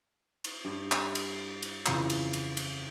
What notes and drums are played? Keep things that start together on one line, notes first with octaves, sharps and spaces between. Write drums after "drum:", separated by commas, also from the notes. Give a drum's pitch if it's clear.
drum: cymbal
G2
drum: clap
drum: cymbal
drum: cymbal
F2 C#3 E3, drum: clap
drum: cymbal
drum: cymbal
drum: cymbal